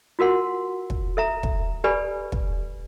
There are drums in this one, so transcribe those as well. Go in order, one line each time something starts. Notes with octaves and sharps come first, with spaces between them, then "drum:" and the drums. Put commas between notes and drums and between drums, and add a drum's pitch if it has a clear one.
F4 F#4 A#4 F#5 C6
drum: kick
A4 E5 A#5
drum: kick
G4 A4 B4 D5 G#5 B5
drum: kick